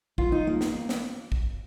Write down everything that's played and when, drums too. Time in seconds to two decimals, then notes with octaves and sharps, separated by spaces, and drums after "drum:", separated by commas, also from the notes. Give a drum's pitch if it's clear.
0.18 F4, drum: kick A#1
0.32 D#4
0.47 A#3
0.61 drum: snare
0.89 drum: snare
1.32 drum: kick A#1